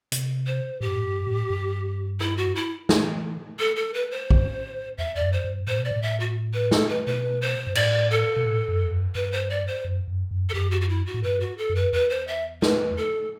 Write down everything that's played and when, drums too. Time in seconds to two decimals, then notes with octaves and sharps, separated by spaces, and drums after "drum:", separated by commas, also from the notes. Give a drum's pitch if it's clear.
0.12 C3, drum: hi-hat
0.47 C5
0.81 A2 G4
0.88 G2
0.95 A2
1.04 G2
1.27 A2
1.50 G2
2.20 E4, drum: rim click
2.37 F#4
2.55 E4
2.89 E3, drum: snare
3.59 A4
3.76 A4
3.94 B4
4.11 C5
4.30 drum: kick A#1
4.98 E2 E5
5.15 D5
5.21 F#2
5.33 C5
5.44 G2
5.67 A2 C5
5.79 B2
5.85 D5
5.91 A2
6.02 E5
6.20 F#4
6.54 B4
6.71 A4, drum: snare
6.89 B4
7.06 B2 B4
7.41 C5
7.67 G2
7.75 A2 D5, drum: cymbal
8.11 A4
8.36 B2
8.46 A2
8.68 F#2
8.84 E2
8.91 F#2
9.15 G2 B4
9.32 C5
9.50 D5
9.67 C5
9.85 F#2
10.08 F#2
10.31 F#2
10.49 A4
10.54 F#2 G4
10.71 F#4
10.81 F#4
10.89 E4
11.06 F#4
11.14 A2
11.23 G2 B4
11.40 F#4
11.58 A4
11.70 F#2
11.75 B4
11.93 E2 B4
12.10 C5
12.27 E5
12.62 B4, drum: snare
12.97 A4